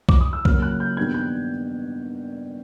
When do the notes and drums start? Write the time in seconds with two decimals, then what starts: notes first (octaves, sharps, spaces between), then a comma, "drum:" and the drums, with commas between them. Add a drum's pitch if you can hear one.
0.09 D6, drum: kick C2
0.21 D#6
0.33 E6
0.45 C#3 F#3 A#3 F6, drum: kick C2
0.62 F#6
0.80 G6
0.97 G2 D#3 G3 B3 G#6
1.14 G6